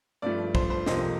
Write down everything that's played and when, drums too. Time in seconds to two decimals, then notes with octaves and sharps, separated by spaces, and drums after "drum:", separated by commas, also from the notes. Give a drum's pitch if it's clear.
0.22 G2 F3 A3 D5
0.55 C5, drum: kick
0.70 C5
0.86 F2 C3 F3 A#3 D#5, drum: snare